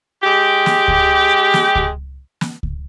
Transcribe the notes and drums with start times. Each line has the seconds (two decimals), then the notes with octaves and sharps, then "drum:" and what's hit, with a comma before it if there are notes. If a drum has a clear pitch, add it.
0.22 G#3 G4
0.66 drum: snare
0.88 drum: kick C#2
1.54 drum: snare
1.75 drum: kick C#2
2.41 drum: snare
2.63 drum: kick C#2